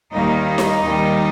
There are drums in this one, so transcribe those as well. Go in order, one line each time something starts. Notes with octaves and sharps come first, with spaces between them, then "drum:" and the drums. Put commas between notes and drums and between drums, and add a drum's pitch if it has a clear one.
D#2 D#3 G3 A#3 D#4
drum: snare D#4
D#2 D#3 G3